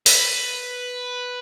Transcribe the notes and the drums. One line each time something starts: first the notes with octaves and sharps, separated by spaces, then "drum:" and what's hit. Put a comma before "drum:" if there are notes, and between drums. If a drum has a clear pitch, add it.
B4, drum: open hi-hat